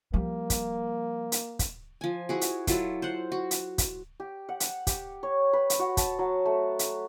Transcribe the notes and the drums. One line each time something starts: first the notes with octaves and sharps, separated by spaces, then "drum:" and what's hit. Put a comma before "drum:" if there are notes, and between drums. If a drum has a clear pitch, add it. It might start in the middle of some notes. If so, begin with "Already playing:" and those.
F3 G3 A#3
drum: kick, hi-hat
drum: hi-hat
drum: kick, hi-hat
F3 G#5
E4 F#4 G#4
drum: hi-hat
F#3 E4 F4 A4, drum: kick, hi-hat
C5 F#5
F#4
drum: hi-hat
drum: kick, hi-hat
G4
F#5
drum: hi-hat
G4, drum: kick, hi-hat
C#5
B4
drum: hi-hat
F#4
A5, drum: kick, hi-hat
F#3
A3
drum: hi-hat